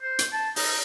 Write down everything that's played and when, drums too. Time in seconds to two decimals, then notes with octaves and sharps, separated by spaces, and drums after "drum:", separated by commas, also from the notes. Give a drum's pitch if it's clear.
0.02 C5
0.19 drum: hi-hat
0.33 A5
0.56 D#4, drum: open hi-hat